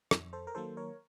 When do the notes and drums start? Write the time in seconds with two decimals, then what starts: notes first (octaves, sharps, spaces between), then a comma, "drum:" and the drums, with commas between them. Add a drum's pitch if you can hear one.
0.11 F2, drum: rim click
0.33 A4 C5
0.47 A#4
0.55 D#3 F#3 A#3 A4 C5
0.77 A#4 C#5